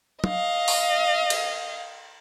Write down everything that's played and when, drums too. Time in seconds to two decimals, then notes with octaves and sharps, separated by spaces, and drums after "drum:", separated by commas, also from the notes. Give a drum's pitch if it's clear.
0.24 D#5 F5, drum: tom
0.68 drum: open hi-hat
1.30 drum: cymbal